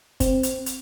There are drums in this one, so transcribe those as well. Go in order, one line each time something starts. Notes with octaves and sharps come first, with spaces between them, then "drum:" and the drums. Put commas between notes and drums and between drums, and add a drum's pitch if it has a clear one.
C4, drum: kick, hi-hat
drum: hi-hat
drum: hi-hat